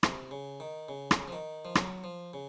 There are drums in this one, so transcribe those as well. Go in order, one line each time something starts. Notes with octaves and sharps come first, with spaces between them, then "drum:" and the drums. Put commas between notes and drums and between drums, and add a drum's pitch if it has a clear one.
C3, drum: rim click
C#3
D#3
C#3
drum: rim click
F3
D#3
F3
F#3, drum: rim click
F3
C#3